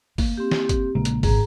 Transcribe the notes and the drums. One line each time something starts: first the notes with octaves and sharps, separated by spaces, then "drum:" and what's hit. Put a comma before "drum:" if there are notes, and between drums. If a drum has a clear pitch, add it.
A#3, drum: kick, open hi-hat
C4 G4
drum: snare
drum: kick, hi-hat
A#1 C#3 G#3 A#3
drum: hi-hat
G#1 G#4 A#5, drum: kick, open hi-hat